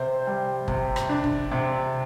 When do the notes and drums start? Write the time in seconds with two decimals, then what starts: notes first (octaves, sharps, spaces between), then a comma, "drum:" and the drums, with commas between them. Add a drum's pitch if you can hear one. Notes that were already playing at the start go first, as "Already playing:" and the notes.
Already playing: C3 C5
0.27 G3
0.68 C3, drum: kick
0.96 drum: rim click
1.09 D4
1.24 drum: kick
1.51 C3